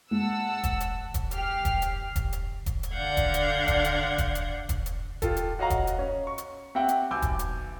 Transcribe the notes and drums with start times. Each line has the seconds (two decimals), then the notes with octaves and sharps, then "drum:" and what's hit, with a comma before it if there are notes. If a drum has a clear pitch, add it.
0.11 G#3 F#5 A5 E6
0.64 drum: kick E1, hi-hat
0.80 drum: hi-hat
1.14 drum: kick E1, hi-hat
1.31 G4 F6 C7, drum: hi-hat
1.65 drum: kick E1, hi-hat
1.82 drum: hi-hat
2.16 drum: kick E1, hi-hat
2.32 drum: hi-hat
2.66 drum: kick E1, hi-hat
2.83 drum: hi-hat
2.92 D3 D5 F5 F#5 G6 G#6
3.17 drum: kick E1, hi-hat
3.34 drum: hi-hat
3.68 drum: kick E1, hi-hat
3.84 drum: hi-hat
4.18 drum: kick E1, hi-hat
4.35 drum: hi-hat
4.69 drum: kick E1, hi-hat
4.86 drum: hi-hat
5.22 F4 G4 A4, drum: kick E1, hi-hat
5.37 drum: hi-hat
5.59 F#4 C#5 D#5 F5 F#5 A#5
5.70 drum: kick E1, hi-hat
5.87 drum: hi-hat
5.99 C#4
6.27 C#6
6.38 drum: hi-hat
6.75 C4 G4 E5 F#5 G5
6.89 drum: hi-hat
7.11 B1 G#5 D6 E6 G6
7.22 drum: kick E1, hi-hat
7.39 drum: hi-hat